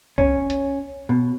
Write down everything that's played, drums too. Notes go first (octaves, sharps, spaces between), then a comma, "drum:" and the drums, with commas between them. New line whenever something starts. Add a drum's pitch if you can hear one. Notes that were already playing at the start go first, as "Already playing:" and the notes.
C#4, drum: kick C2
drum: hi-hat
B2